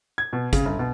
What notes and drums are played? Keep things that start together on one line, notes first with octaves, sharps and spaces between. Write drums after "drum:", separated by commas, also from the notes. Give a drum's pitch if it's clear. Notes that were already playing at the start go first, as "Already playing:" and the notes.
G#6
B2
C#3, drum: kick G1, hi-hat
G1
B2